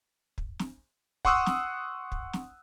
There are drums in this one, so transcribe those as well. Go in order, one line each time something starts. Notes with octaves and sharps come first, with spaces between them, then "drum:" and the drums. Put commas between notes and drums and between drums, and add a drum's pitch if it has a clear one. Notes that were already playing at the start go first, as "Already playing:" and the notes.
drum: kick
drum: snare
F#5 C6 C#6 D#6 E6 F#6, drum: kick
drum: snare
drum: kick
drum: snare